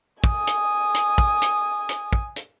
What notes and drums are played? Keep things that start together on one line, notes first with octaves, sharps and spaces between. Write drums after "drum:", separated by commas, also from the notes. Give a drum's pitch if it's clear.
G#5 D#6, drum: kick
drum: hi-hat
drum: hi-hat
drum: kick
drum: hi-hat
drum: hi-hat
drum: kick
drum: hi-hat